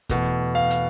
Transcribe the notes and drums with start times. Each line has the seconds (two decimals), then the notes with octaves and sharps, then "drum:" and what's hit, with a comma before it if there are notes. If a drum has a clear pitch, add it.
0.09 E2 B2 A3, drum: kick, hi-hat
0.55 F5
0.70 drum: hi-hat